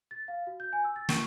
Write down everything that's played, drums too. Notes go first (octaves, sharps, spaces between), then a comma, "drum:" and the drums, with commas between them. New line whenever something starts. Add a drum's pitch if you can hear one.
A6
F5
F#4
G6
G#5
E6
A6
C#6, drum: snare